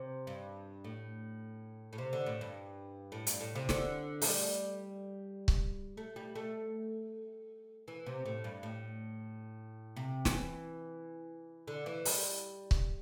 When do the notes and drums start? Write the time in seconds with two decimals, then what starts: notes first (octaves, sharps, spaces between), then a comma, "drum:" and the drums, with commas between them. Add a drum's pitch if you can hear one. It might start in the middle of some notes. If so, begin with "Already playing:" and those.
Already playing: C3
0.27 G2
0.84 A2
1.93 A2
1.98 C3
2.13 D3
2.26 A2
2.41 G2
3.12 A2
3.27 G2, drum: hi-hat
3.41 A2
3.55 C3
3.69 D3, drum: snare
4.22 A3, drum: open hi-hat
4.27 G3
5.48 drum: kick C#1
5.97 A3
6.16 G3
6.35 A3
7.88 E3
8.06 C3
8.25 A2
8.44 G2
8.63 A2
9.96 C3
10.25 E3, drum: snare
11.68 D3
11.86 E3
12.05 G3, drum: open hi-hat
12.71 drum: kick C#1